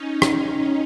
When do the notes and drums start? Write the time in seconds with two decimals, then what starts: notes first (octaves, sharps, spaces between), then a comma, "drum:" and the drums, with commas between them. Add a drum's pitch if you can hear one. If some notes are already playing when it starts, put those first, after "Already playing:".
Already playing: C#4 D#4
0.22 C#4 D#4, drum: rim click